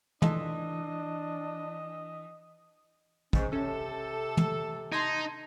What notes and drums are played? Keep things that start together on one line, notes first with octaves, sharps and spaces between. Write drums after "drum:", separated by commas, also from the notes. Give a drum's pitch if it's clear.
E3 D4 D#4 F4 A4 D#5, drum: tom
G#2 C#4, drum: kick
C3 C#4 A4
drum: tom
D#4 A5 C6 G#6